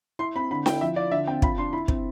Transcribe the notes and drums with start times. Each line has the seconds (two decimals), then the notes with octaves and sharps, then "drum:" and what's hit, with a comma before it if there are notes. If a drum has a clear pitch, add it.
0.19 E4 C6
0.36 C4 B5
0.51 D3 B5
0.66 E4 G5, drum: snare D4
0.81 F3 E5
0.96 F4 D5
1.11 D3 E5
1.27 C4 G5
1.42 F4 B5, drum: kick
1.58 D4 C6
1.73 E4 B5
1.88 C4, drum: kick